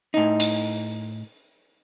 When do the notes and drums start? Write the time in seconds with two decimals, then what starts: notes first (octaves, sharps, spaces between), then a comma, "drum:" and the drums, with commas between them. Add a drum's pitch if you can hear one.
0.14 A2 D#4
0.40 drum: hi-hat